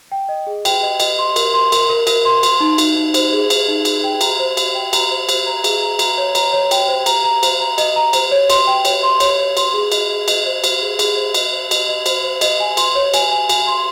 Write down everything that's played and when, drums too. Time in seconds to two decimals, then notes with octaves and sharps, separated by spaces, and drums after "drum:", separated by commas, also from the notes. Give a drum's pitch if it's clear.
0.12 G5
0.29 D#5
0.47 G#4
0.65 G5, drum: cymbal
0.83 D#5
1.00 D#5, drum: cymbal
1.18 C6
1.36 A#4, drum: cymbal
1.54 C6
1.72 A#4, drum: cymbal
1.89 A#4
2.07 A#4, drum: cymbal
2.25 C6
2.43 C6, drum: cymbal
2.60 D#4
2.78 D#4, drum: cymbal
2.96 D#4
3.14 C5, drum: cymbal
3.33 G#4
3.50 G#4, drum: cymbal
3.68 D#4
3.85 G#4, drum: cymbal
4.04 G5
4.21 A#5, drum: cymbal
4.40 C5
4.57 C5, drum: cymbal
4.75 G5
4.93 A#5, drum: cymbal
5.10 C5
5.29 C5, drum: cymbal
5.46 A#5
5.64 G#4, drum: cymbal
5.82 A#5
5.99 A#5, drum: cymbal
6.18 C#5
6.35 A#5, drum: cymbal
6.53 C#5
6.71 G5, drum: cymbal
6.88 C5
7.06 A#5, drum: cymbal
7.24 A#5
7.43 C5, drum: cymbal
7.60 A#5
7.78 D#5, drum: cymbal
7.96 A#5
8.13 C5, drum: cymbal
8.31 C#5
8.50 C6, drum: cymbal
8.67 G5
8.85 C#5, drum: cymbal
9.03 C6
9.20 C#5, drum: cymbal
9.39 C#5
9.57 C6, drum: cymbal
9.74 G#4
9.92 D#5, drum: cymbal
10.10 G#4
10.28 D#5, drum: cymbal
10.45 C5
10.64 C5, drum: cymbal
10.82 G#4
10.99 G#4, drum: cymbal
11.16 C5
11.34 D#5, drum: cymbal
11.53 C5
11.71 D#5, drum: cymbal
11.89 D#5
12.06 C5, drum: cymbal
12.24 C5
12.41 D#5, drum: cymbal
12.60 G#5
12.77 C6, drum: cymbal
12.95 C#5
13.14 G#5, drum: cymbal
13.31 G#5
13.49 G#5, drum: cymbal
13.67 C6